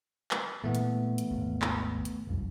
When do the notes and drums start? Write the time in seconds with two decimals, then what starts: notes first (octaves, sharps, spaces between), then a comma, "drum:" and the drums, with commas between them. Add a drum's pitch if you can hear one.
0.31 drum: clap
0.64 A#2 E3 A3 B3
0.75 drum: hi-hat
1.18 drum: hi-hat
1.31 G#1 D#2
1.62 drum: clap
2.05 drum: hi-hat
2.27 F1 C2 F#2